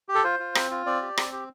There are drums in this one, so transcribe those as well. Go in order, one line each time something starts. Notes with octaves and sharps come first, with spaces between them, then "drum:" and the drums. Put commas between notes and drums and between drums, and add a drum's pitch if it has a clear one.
G4
A4
F4 C5
F4
C4, drum: rim click
F4
C4 D5
G4
C4, drum: rim click
G4